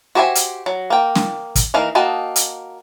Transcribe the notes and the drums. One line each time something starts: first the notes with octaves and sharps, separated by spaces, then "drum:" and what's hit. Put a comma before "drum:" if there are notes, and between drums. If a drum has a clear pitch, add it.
F#4 G4 C5 E5 G#5
drum: hi-hat
F#3
A#3 G5
drum: snare
drum: kick, hi-hat
E3 A#3 D#4 A#4
A#3 F#4 D#5 G5 A5
drum: hi-hat